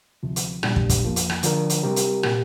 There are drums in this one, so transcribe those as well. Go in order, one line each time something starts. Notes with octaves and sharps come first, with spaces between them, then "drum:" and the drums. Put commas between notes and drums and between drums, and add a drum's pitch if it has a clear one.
D2 C3 F3
drum: hi-hat
A#2 G3 D4 G4, drum: rim click
drum: kick
drum: kick, hi-hat
F2 F3 A#3
drum: hi-hat
drum: rim click
D3 F3 D4 A#4, drum: hi-hat
drum: hi-hat
C3 G3 C4 G4 A#4
drum: hi-hat
A#2 A#3 G4, drum: rim click